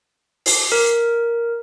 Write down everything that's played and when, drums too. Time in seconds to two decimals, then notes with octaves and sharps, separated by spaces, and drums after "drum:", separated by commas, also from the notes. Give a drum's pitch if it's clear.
0.46 drum: open hi-hat
0.72 A#4